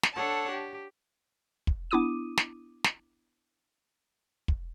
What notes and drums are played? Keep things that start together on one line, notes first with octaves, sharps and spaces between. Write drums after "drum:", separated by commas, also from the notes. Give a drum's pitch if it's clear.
drum: snare
D4 A4 C#5 F#5 A5
G4
drum: kick
B3 D4 E4 D6 D#6 D#7
drum: snare
drum: snare
drum: kick